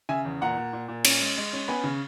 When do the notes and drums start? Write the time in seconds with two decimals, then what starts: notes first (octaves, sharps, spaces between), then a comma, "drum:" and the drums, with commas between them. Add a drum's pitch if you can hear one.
0.09 C#3 E5 G#5
0.25 E2
0.41 A#2 F#5 A#5
0.57 A#2
0.73 A#2
0.88 A#2
1.05 C#4, drum: cymbal
1.21 G#3
1.37 G#3
1.53 C#4
1.68 B3 G#5 B5
1.84 C#3